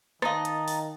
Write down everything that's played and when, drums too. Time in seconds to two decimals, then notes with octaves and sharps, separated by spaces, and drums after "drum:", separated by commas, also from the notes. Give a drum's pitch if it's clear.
0.22 D#3 D#4 D#5 F5 A5 A6, drum: rim click
0.45 drum: hi-hat
0.68 drum: open hi-hat